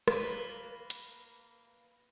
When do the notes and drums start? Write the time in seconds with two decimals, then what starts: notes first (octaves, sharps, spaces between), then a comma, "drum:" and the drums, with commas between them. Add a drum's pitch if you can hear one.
0.08 A#3 B4, drum: rim click
0.90 drum: hi-hat